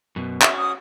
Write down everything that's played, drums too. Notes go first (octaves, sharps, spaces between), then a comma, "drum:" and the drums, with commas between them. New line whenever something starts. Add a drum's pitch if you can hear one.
F#2 B2
C#4 F#4 E5, drum: clap
D#6